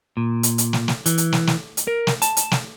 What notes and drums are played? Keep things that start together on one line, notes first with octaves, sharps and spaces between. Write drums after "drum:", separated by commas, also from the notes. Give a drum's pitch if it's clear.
A#2
drum: hi-hat
drum: hi-hat
drum: snare
drum: snare
E3, drum: hi-hat
drum: hi-hat
drum: snare
drum: snare
drum: hi-hat
A#4
drum: snare
A5, drum: hi-hat
drum: hi-hat
drum: snare